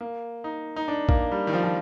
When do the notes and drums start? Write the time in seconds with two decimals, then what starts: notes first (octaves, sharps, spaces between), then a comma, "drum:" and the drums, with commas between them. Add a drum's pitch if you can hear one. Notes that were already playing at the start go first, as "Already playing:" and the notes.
0.01 A#3
0.44 D#4
0.76 D#4
0.88 D4
1.09 A#3, drum: kick A#1
1.31 G3
1.47 D#3
1.53 F3
1.64 F3